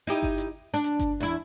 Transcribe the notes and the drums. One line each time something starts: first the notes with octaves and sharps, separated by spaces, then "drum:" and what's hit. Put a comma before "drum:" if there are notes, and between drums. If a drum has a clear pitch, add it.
D#4 E4 G4, drum: open hi-hat
drum: kick G1, open hi-hat
drum: hi-hat
D4
drum: hi-hat
drum: kick G1, hi-hat
E2 E4